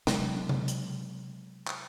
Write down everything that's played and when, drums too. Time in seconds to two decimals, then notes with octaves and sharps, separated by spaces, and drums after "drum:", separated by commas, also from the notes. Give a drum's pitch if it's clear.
0.07 C3 F#3 G#3 B3, drum: snare
0.49 drum: tom C3
0.68 drum: hi-hat
1.67 drum: clap